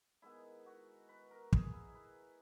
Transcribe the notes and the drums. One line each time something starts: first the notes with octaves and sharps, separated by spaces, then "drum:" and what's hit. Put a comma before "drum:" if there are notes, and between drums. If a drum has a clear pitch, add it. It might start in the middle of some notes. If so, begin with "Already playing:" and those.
D#3 G#3 B3 E4
F#4
B4
A#4
G#4, drum: kick
E4
B4